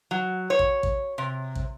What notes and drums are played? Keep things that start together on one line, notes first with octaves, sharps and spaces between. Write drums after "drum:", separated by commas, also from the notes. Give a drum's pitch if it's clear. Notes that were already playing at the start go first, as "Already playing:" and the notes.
F#3
C#5
drum: kick
drum: kick
C3
drum: kick